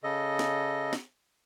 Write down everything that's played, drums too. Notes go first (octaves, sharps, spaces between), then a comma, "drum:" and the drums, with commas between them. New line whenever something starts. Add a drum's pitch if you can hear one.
C#3 A4 D#5
drum: snare
drum: snare